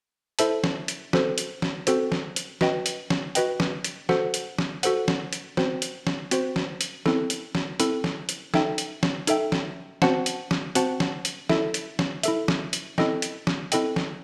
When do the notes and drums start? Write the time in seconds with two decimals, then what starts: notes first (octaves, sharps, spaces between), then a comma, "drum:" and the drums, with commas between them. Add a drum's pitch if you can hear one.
0.39 E4 A4 C5 E5 A5, drum: hi-hat
0.64 drum: snare
0.88 drum: hi-hat
1.13 C4 F#4 A4 C5, drum: snare
1.38 drum: hi-hat
1.62 drum: snare
1.87 C4 F#4 A4 C5, drum: hi-hat
2.12 drum: snare
2.36 drum: hi-hat
2.61 F#4 B4 D#5 G5, drum: snare
2.86 drum: hi-hat
3.10 drum: snare
3.35 F#4 B4 D#5 G5, drum: hi-hat
3.60 drum: snare
3.84 drum: hi-hat
4.09 F#4 A4 C5 F#5, drum: snare
4.34 drum: hi-hat
4.58 drum: snare
4.83 F#4 A4 C5 F#5, drum: hi-hat
5.08 drum: snare
5.33 drum: hi-hat
5.57 C4 F#4 C5, drum: snare
5.82 drum: hi-hat
6.07 drum: snare
6.31 C4 F#4 C5, drum: hi-hat
6.56 drum: snare
6.81 drum: hi-hat
7.06 C4 E4 A4, drum: snare
7.30 drum: hi-hat
7.55 drum: snare
7.80 C4 E4 A4, drum: hi-hat
8.04 drum: snare
8.29 drum: hi-hat
8.54 D#4 A4 E5 G5, drum: snare
8.78 drum: hi-hat
9.03 drum: snare
9.27 D#4 A4 E5 G5, drum: hi-hat
9.52 drum: snare
10.02 C4 F#4 C5 F#5 A5, drum: snare
10.26 drum: hi-hat
10.51 drum: snare
10.75 C4 F#4 C5 F#5 A5, drum: hi-hat
11.00 drum: snare
11.25 drum: hi-hat
11.49 E4 A4 E5, drum: snare
11.74 drum: hi-hat
11.99 drum: snare
12.23 E4 A4 E5, drum: hi-hat
12.48 drum: snare
12.73 drum: hi-hat
12.98 C4 E4 A4 D#5 G5, drum: snare
13.22 drum: hi-hat
13.47 drum: snare
13.72 C4 E4 A4 D#5 G5, drum: hi-hat
13.96 drum: snare